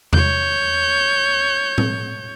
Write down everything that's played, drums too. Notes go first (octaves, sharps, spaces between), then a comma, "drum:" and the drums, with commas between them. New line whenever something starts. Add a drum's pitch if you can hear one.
C#5 G6, drum: tom E2
drum: tom A2